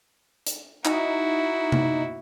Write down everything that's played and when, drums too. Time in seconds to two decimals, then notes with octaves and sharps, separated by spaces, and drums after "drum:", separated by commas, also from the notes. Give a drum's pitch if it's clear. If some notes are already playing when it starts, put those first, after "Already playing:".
0.47 drum: hi-hat
0.85 D#4 E4 F#4, drum: clap
1.72 drum: tom C3